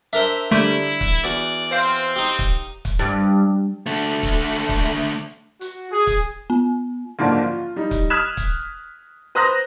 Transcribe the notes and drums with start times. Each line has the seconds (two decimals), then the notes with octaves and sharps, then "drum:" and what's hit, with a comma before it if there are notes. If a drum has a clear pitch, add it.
0.13 D4 A#4 C5 E5
0.51 D3 G3 A3 E4
1.01 drum: kick, hi-hat
1.24 E2 F#4 D5
1.71 C4 C5 F5
1.93 drum: hi-hat
2.16 D#4 G4
2.39 drum: kick, hi-hat
2.85 drum: kick, hi-hat
2.99 G2
3.86 D3 A3
4.23 drum: kick, hi-hat
4.69 drum: kick, hi-hat
5.61 F#4, drum: hi-hat
5.91 G#4
6.07 drum: kick, hi-hat
6.50 B3
7.19 F#1 G#2 D3 F3 A#3 D5
7.42 F4
7.76 G3 D#4
7.91 drum: kick, hi-hat
8.10 D#6 F6 F#6 G#6 B6 E7
8.37 drum: kick, hi-hat
9.35 B4 C5 A#5 D#6 F#6 A#6